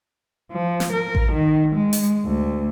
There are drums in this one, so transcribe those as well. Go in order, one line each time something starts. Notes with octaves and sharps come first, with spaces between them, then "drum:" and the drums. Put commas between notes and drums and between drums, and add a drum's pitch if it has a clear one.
F3
drum: snare
A#4
drum: kick A1
D#3
G#3
drum: open hi-hat
D2